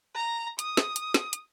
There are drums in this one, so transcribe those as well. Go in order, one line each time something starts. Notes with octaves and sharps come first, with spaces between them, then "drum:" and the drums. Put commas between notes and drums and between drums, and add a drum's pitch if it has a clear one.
A#5
D#6, drum: hi-hat
drum: snare
drum: hi-hat
drum: snare
drum: hi-hat